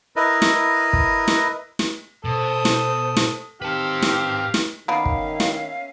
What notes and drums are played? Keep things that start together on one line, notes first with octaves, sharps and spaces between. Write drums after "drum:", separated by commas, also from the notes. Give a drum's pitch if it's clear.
E4 A#4 B4 D#5
drum: snare
drum: kick
drum: snare
drum: snare
B2 A4 C5 D#6
drum: snare
drum: snare
D#3 C4 G4 B4 F5 A5
drum: snare
drum: snare
D#3 A#3 B3 C#4 E5 F5
drum: kick
drum: snare